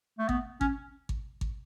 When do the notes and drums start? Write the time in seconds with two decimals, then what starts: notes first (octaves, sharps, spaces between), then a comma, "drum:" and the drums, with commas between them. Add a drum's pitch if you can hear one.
0.19 A3
0.29 B3, drum: kick G#1
0.61 C#4, drum: kick G#1
1.09 drum: kick G#1
1.41 drum: kick G#1